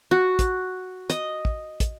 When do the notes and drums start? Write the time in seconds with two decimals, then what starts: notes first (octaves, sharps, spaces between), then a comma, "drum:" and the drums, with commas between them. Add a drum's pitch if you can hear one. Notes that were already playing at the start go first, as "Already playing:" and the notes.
0.11 F#4
0.39 drum: kick, hi-hat
1.10 D#5, drum: hi-hat
1.45 drum: kick
1.80 drum: kick, hi-hat